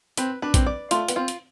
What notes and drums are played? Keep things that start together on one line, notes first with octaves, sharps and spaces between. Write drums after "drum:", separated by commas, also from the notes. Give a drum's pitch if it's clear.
C4 B4, drum: hi-hat
D4 B4
C4, drum: kick A#1, hi-hat
D5
A3 F4, drum: hi-hat
B3, drum: hi-hat
C4 F4
drum: hi-hat